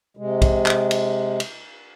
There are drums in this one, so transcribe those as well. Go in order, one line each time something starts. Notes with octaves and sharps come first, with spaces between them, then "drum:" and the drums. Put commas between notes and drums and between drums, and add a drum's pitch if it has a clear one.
C3 G#3
drum: kick B1, cymbal
drum: clap
drum: cymbal
drum: cymbal